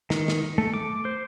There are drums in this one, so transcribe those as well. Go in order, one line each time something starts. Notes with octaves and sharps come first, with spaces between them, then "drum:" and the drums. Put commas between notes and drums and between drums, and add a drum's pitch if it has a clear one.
D#3, drum: snare
drum: snare
A3
D6
C5